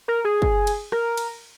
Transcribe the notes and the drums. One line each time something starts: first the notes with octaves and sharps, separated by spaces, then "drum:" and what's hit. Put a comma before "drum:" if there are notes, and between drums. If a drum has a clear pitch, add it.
A#4
G#4
drum: kick
drum: cymbal
A#4, drum: rim click
drum: cymbal